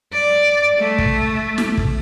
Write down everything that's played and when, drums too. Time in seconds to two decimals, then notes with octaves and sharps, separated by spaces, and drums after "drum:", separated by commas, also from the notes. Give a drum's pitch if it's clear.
0.13 D5
0.79 A3
0.98 drum: kick
1.58 drum: snare
1.77 drum: kick